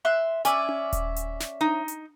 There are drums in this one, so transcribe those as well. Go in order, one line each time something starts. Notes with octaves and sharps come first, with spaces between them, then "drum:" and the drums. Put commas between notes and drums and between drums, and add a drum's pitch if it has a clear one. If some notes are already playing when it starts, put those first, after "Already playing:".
E5 C6 F#6
C#4 D5 E5 G#5, drum: hi-hat
drum: tom C#4
drum: kick D#1, hi-hat
drum: hi-hat
drum: snare
D#4
drum: hi-hat